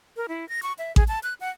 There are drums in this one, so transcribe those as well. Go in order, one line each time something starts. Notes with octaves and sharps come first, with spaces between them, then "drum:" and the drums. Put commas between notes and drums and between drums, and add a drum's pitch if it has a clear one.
A#4
E4
A#6
C#6
E5
G#4, drum: kick A1
A5
F#6
F#5